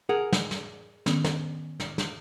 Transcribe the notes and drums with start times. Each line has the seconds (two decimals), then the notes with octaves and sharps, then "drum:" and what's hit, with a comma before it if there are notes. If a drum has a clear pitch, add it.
0.09 G#4 A#4 F#5
0.32 drum: snare
0.51 drum: snare
1.06 D#3 B3 C#4, drum: snare
1.24 drum: snare
1.80 drum: snare
1.98 drum: snare